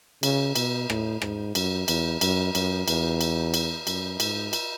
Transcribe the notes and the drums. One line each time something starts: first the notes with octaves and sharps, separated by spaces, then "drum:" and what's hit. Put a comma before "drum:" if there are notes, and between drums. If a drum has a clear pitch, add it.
C#3, drum: cymbal
B2, drum: cymbal
A2, drum: rim click
G#2, drum: rim click
F#2, drum: cymbal
E2, drum: cymbal
F#2, drum: cymbal
F#2, drum: cymbal
E2, drum: cymbal
drum: cymbal
drum: cymbal
F#2, drum: cymbal
G#2, drum: cymbal
drum: cymbal